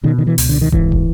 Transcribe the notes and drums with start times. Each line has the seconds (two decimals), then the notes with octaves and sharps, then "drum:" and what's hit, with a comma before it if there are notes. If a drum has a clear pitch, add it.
0.04 B2 D#3
0.18 D#3
0.27 E3
0.38 C#2, drum: open hi-hat
0.49 D3
0.61 D#3
0.72 G#2 E3, drum: kick
0.92 drum: kick